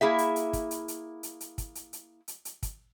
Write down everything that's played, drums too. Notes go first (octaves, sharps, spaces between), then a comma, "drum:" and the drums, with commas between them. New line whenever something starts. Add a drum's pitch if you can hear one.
A#3 E4 G#4 E5
drum: hi-hat
drum: hi-hat
drum: kick, hi-hat
drum: hi-hat
drum: hi-hat
drum: hi-hat
drum: hi-hat
drum: kick, hi-hat
drum: hi-hat
drum: hi-hat
drum: hi-hat
drum: hi-hat
drum: kick, hi-hat